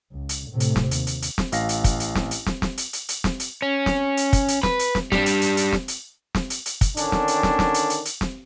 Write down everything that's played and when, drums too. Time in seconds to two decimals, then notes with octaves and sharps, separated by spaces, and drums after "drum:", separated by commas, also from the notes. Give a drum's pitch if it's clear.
0.12 C#2
0.29 drum: hi-hat
0.51 A2 C3
0.60 drum: hi-hat
0.76 drum: snare
0.91 D#2, drum: hi-hat
1.07 drum: hi-hat
1.22 drum: hi-hat
1.38 drum: snare
1.52 A1 F5 A#6, drum: hi-hat
1.69 drum: hi-hat
1.84 drum: kick, hi-hat
2.00 drum: hi-hat
2.15 drum: snare
2.31 drum: hi-hat
2.46 drum: snare
2.62 drum: snare
2.78 drum: hi-hat
2.93 drum: hi-hat
3.09 drum: hi-hat
3.24 drum: snare
3.40 drum: hi-hat
3.62 C#4
3.86 drum: snare
4.17 drum: hi-hat
4.33 drum: kick, hi-hat
4.48 drum: hi-hat
4.63 B4, drum: snare
4.79 drum: hi-hat
4.95 drum: snare
5.12 G3 D4, drum: snare
5.26 drum: hi-hat
5.41 drum: hi-hat
5.57 drum: hi-hat
5.72 drum: snare
5.88 drum: hi-hat
6.35 drum: snare
6.50 drum: hi-hat
6.66 drum: hi-hat
6.81 drum: kick, hi-hat
6.97 D3 D#3 C#4 D4, drum: hi-hat
7.12 drum: snare
7.28 drum: hi-hat
7.43 drum: snare
7.59 drum: snare
7.74 drum: hi-hat
7.90 drum: hi-hat
8.05 drum: hi-hat
8.21 drum: snare